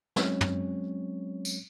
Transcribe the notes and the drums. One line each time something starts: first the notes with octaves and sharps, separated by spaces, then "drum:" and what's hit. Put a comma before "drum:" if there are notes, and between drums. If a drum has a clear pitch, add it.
F#3 G#3 C4 C#4 C#5, drum: snare
drum: tom
drum: tambourine